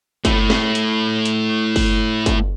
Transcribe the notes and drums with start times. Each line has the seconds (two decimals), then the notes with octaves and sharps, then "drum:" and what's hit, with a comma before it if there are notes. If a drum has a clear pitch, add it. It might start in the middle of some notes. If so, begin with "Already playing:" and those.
0.25 A3 E4, drum: kick G1, hi-hat
0.50 drum: snare
0.75 drum: hi-hat
1.25 drum: hi-hat
1.76 drum: kick G1, open hi-hat
2.26 drum: kick G1, hi-hat